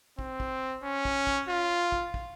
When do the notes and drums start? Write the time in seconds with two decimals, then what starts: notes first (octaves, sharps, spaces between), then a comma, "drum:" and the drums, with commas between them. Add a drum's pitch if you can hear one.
0.19 C4, drum: kick
0.40 drum: kick
0.83 C#4
1.05 drum: kick
1.27 drum: kick
1.49 F4
1.92 drum: kick
2.14 drum: kick